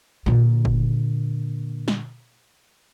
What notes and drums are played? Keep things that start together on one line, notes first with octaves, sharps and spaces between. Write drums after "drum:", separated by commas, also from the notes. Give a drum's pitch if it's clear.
A#2 D3, drum: tom
drum: kick F#1
drum: snare